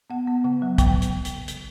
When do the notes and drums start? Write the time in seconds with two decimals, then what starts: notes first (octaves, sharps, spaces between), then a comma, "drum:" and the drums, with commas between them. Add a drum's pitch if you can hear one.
0.10 B3 F#5
0.27 B3
0.44 C#3 F#5
0.62 F#3
0.78 C#3 G5, drum: kick, hi-hat
1.02 drum: hi-hat
1.25 drum: hi-hat
1.48 drum: hi-hat